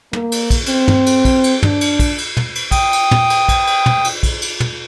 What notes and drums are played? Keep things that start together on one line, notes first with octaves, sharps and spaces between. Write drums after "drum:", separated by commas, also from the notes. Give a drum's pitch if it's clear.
A#3, drum: tom
drum: cymbal
drum: kick, cymbal
C4, drum: cymbal
drum: tom
drum: cymbal
drum: kick, cymbal
drum: cymbal
D4, drum: tom
drum: cymbal
drum: kick, cymbal
drum: cymbal
drum: tom
drum: cymbal
G5 D#6, drum: kick, cymbal
drum: cymbal
drum: tom
drum: cymbal
drum: kick, cymbal
drum: cymbal
drum: tom
drum: cymbal
drum: kick, cymbal
drum: cymbal
drum: tom